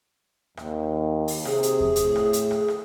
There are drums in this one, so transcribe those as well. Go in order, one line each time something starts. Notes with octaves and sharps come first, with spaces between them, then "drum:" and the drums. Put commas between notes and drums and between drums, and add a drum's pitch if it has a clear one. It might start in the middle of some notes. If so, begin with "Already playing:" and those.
D#2, drum: rim click
drum: open hi-hat
C3 G#4, drum: rim click
drum: hi-hat
drum: kick E2
A2, drum: hi-hat
drum: rim click
drum: hi-hat
drum: rim click
drum: rim click